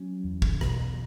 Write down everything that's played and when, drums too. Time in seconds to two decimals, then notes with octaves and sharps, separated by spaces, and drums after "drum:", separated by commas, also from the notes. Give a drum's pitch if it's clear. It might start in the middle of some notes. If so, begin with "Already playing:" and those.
Already playing: F#3 C#4
0.24 E2
0.42 drum: kick
0.61 B2, drum: rim click